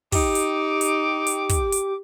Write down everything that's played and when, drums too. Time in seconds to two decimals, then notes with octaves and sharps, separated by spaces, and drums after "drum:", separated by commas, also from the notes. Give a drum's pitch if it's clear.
0.12 D#4 G4 D6, drum: kick, open hi-hat
0.35 drum: hi-hat
0.81 drum: hi-hat
1.27 drum: hi-hat
1.49 drum: kick, hi-hat
1.72 drum: hi-hat